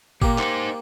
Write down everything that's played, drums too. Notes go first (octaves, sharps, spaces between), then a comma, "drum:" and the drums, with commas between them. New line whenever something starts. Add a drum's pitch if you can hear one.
A#2 A#3 G4, drum: kick
D#4 C5, drum: clap